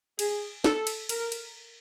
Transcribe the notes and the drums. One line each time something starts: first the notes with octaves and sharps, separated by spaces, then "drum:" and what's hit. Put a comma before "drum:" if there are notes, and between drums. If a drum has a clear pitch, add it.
G#4, drum: cymbal
A4, drum: snare
drum: cymbal
A#4, drum: cymbal
drum: cymbal